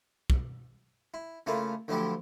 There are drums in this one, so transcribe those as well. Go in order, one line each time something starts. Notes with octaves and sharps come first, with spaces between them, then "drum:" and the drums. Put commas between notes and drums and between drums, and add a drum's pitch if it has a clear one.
drum: kick
E4
C#3 A3 A#3 E4 F4
D2 A2 F3 F#3 E4 G4